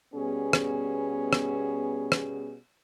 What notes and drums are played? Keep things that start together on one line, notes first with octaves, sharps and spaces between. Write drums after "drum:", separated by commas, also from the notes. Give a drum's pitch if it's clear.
B2 G3 B3 C#4 G#4
drum: rim click
drum: rim click
drum: rim click